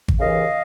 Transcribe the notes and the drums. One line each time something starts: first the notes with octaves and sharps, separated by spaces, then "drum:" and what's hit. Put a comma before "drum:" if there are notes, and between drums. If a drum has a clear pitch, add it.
drum: kick G#1
D#2 C#3 E3 D#5 F5